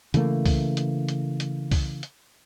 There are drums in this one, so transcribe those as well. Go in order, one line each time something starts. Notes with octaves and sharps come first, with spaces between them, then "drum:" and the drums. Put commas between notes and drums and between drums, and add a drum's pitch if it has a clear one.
C#3 E3 A3 A#3, drum: hi-hat
drum: kick, open hi-hat
drum: hi-hat
drum: hi-hat
drum: hi-hat
drum: kick, open hi-hat
drum: hi-hat